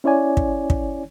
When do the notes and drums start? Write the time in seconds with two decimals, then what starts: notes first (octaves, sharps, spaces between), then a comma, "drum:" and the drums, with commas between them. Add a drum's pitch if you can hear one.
0.04 C#4 E4 C#5 D5 G#5
0.37 drum: kick
0.70 drum: kick